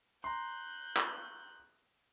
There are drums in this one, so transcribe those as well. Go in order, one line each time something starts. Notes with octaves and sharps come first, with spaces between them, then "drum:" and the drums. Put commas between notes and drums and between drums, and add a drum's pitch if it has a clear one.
A#5 C6 F#6 G6
drum: clap